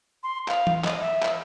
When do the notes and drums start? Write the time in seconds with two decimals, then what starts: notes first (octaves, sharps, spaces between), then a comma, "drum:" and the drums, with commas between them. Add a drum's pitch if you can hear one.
0.23 C6
0.48 F5, drum: clap
0.67 drum: tom E3
0.84 D#5, drum: clap
1.01 E5
1.23 drum: clap